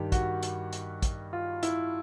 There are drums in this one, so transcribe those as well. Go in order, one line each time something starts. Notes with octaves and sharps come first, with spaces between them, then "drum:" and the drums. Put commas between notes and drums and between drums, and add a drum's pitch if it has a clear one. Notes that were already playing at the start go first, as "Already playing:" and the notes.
Already playing: G2 D#3 G3 G4
F#4, drum: kick, hi-hat
drum: hi-hat
drum: hi-hat
drum: kick, hi-hat
F4
E4, drum: hi-hat